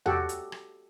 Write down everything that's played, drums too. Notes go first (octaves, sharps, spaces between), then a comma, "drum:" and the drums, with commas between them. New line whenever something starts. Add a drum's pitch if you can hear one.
F#4 G4 A4 F#5, drum: tom E2
drum: hi-hat
drum: rim click